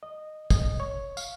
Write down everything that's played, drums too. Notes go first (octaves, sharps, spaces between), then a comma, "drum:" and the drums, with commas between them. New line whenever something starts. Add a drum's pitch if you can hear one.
D#5
D#5, drum: kick, tambourine
C#5
F5, drum: tambourine